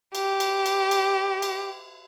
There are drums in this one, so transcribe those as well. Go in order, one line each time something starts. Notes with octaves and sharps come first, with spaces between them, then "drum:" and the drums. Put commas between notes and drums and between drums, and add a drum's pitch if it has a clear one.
G4, drum: cymbal
drum: cymbal
drum: cymbal
drum: cymbal
drum: cymbal